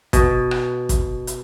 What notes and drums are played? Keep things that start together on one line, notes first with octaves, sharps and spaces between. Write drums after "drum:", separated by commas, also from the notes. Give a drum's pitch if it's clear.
B2, drum: kick, hi-hat
drum: rim click
drum: kick, hi-hat
drum: hi-hat